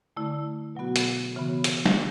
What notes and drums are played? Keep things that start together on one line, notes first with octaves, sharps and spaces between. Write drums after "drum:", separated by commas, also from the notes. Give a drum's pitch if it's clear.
D3 A3 E4
B2 F#3 B3 F#4
drum: hi-hat
C#3 E3 B3 F#4
drum: hi-hat
drum: snare